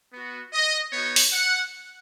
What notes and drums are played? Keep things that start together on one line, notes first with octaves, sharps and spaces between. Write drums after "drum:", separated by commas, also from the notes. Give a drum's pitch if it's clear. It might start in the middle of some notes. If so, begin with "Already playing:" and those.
B3 F#4
D#5
B3 D#4 F#4 C#5
drum: open hi-hat
F#5